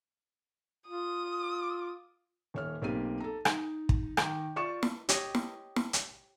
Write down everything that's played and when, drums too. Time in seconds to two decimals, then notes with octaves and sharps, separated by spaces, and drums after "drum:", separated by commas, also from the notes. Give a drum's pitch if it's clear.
0.88 F4 D#6
2.54 D#1 C#5 F6
2.82 B1 A#3 C4 G4 D#7
3.20 A4 A#5
3.45 D#4, drum: rim click
3.89 drum: kick
4.17 D#3 A#5 D6 G6, drum: rim click
4.56 F4 D5 C#6 C#7 E7
4.83 drum: snare
5.09 G4 C#5 D#5 G5, drum: hi-hat
5.35 drum: snare
5.76 drum: snare
5.93 drum: hi-hat